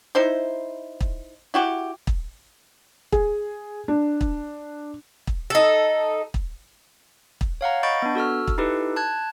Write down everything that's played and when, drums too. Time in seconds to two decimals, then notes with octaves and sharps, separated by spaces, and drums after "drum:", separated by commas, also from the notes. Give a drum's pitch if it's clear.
0.15 D#4 E4 C5
1.01 drum: kick
1.54 E4 F#4 G4
2.07 drum: kick
3.12 G#4, drum: kick
3.88 D4
4.21 drum: kick
5.27 drum: kick
5.50 D#4 A4
6.34 drum: kick
7.41 drum: kick
7.61 C#5 F5 F#5 A#5
7.83 D#5 B5 C#6 G6 A6 D7
8.02 B3 D4
8.15 F#4 A4 E6 F6
8.47 drum: kick
8.58 D#4 E4 G4 A4 B4
8.96 A5 F#6 G#6